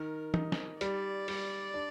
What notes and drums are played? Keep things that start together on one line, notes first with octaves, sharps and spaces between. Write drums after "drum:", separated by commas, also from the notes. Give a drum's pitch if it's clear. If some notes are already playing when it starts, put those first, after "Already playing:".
Already playing: D#3 A#4
D#4, drum: tom
drum: snare
G3 D5, drum: hi-hat
G3, drum: open hi-hat
D4